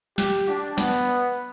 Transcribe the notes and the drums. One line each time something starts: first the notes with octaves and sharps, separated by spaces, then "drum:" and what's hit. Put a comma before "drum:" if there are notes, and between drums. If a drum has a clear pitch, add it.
G4, drum: snare
D4
B3, drum: snare
drum: hi-hat